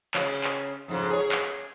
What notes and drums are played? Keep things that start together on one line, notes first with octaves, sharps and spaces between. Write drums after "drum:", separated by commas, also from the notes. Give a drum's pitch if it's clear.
C#3 C#4, drum: clap
drum: clap
F2 G#2 C#3
G#4 C#5
drum: clap